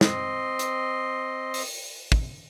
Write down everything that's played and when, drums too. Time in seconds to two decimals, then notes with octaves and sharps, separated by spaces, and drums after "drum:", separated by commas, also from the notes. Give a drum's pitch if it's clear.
0.01 C4 D#5 C6, drum: snare
0.59 drum: hi-hat
1.54 drum: open hi-hat
2.12 drum: kick